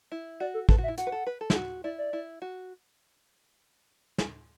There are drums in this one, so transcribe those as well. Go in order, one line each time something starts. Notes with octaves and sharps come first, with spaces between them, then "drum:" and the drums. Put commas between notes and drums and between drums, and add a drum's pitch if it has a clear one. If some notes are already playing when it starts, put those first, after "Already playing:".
E4
F#4 D5
A4
A4 B4, drum: kick
F#4 E5
E4
F#4 F#5, drum: hi-hat
B4
A4
B4
A4
E4, drum: snare
F#4
E4 D5
D5
E4
F#4
drum: snare